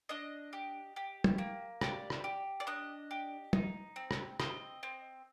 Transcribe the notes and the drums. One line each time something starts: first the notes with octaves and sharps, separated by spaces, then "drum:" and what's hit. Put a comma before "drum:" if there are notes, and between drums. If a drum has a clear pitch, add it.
D4 D#5
G4
G4
drum: tom
A#3
G4 D5, drum: rim click
drum: rim click
G4
D5
D4 D#5
G4
D#4, drum: tom
C4
drum: rim click
C4 D#5, drum: rim click
C4